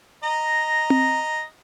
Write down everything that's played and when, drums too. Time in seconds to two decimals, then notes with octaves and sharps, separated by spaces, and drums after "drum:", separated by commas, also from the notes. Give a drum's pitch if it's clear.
0.24 D#5 A#5
0.90 drum: tom C4